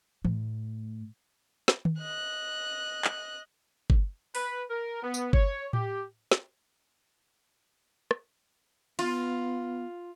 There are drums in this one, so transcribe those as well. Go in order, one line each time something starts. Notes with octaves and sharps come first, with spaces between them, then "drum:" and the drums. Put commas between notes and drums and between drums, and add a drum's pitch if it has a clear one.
A2, drum: tom
drum: snare
drum: tom D#3
D#5 F#6
drum: clap
drum: kick G1
B4, drum: open hi-hat
A#4
B3
drum: tambourine
C#5, drum: kick G1
G4, drum: tom A2
drum: snare
drum: rim click
B3 F4, drum: cymbal